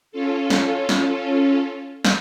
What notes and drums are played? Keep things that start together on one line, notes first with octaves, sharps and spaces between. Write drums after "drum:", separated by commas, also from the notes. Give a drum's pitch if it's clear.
C#4 F4 A4
drum: snare
drum: snare
drum: snare